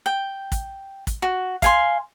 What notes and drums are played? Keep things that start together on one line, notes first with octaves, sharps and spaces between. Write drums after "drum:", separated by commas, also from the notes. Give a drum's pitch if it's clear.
G5
drum: kick, hi-hat
drum: kick, hi-hat
F#4
F5 G#5 C6, drum: kick, hi-hat